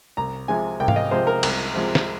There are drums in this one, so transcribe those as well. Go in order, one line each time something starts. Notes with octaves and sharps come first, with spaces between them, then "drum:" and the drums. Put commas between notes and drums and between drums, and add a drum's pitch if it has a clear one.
C2 A#5
C3 F3 G#3 G#5
C2 G5
F5, drum: tom G#2
D#5
C3 F3 G#3 C5
A#4
C2, drum: cymbal
C3 F3 G#3
drum: snare